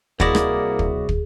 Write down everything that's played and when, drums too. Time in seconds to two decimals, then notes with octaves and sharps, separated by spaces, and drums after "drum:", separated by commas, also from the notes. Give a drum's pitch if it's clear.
0.20 C2 A#3 E4 F#4 G#4 D5 D#5, drum: kick
0.35 drum: rim click
0.79 drum: kick
1.09 drum: kick